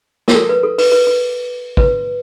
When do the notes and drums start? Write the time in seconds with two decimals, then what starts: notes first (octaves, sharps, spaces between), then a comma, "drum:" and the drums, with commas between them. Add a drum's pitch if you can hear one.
0.28 A#4, drum: snare
0.35 A4
0.49 B4
0.63 A4
0.78 B4, drum: open hi-hat
0.92 B4
1.07 B4
1.77 B4, drum: kick